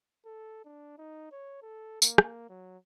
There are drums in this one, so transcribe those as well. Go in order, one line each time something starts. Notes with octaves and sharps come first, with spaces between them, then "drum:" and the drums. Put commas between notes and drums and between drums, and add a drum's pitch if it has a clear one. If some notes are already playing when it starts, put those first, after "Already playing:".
A4
D4
D#4
C#5
A4
A#3, drum: tambourine
drum: rim click
F#3